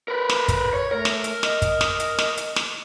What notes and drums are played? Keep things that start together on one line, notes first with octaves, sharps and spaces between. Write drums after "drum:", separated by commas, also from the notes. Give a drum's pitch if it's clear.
A#4 B4
drum: snare
drum: kick, hi-hat
C#5
A3 A#4
drum: snare
drum: hi-hat
D#5, drum: snare
drum: kick, hi-hat
drum: snare
drum: hi-hat
drum: snare
drum: hi-hat
drum: snare